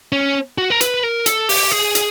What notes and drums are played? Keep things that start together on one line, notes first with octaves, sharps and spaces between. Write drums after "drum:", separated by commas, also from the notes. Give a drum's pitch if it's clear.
C#4
F#4
A#4
B4, drum: hi-hat
A#4
A4, drum: hi-hat
G4, drum: open hi-hat
G#4
drum: hi-hat